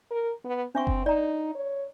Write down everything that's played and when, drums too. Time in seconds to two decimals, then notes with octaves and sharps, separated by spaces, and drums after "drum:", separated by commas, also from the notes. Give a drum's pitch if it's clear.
0.11 A#4
0.45 B3
0.75 C4 D4 E5 C#6
0.87 drum: kick F#1
1.06 D#4 D5 A#5
1.55 C#5